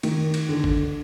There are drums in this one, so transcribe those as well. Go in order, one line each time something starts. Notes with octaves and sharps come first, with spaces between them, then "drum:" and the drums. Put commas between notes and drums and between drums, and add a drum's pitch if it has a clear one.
D#3, drum: cymbal
drum: cymbal
D3
drum: kick G1